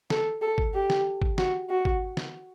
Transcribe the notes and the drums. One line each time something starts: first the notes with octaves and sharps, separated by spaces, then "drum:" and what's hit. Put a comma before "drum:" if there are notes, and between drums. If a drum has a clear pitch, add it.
A4, drum: snare
A4
drum: kick G#1
G4
drum: snare
drum: kick G#1
F#4, drum: snare
F#4
drum: kick G#1
drum: snare